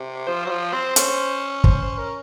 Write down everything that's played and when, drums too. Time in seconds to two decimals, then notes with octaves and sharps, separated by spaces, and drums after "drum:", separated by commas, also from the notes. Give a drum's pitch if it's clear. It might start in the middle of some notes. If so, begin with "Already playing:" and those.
Already playing: C3
0.27 F3 C5
0.45 F#3
0.50 F3
0.73 C4
0.96 C#4, drum: hi-hat
1.64 C5, drum: kick
1.82 C5
1.98 A#4